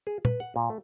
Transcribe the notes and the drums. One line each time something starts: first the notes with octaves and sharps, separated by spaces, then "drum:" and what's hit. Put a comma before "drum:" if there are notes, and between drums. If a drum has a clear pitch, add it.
G#4
B4, drum: tom
F#5
A#2
A3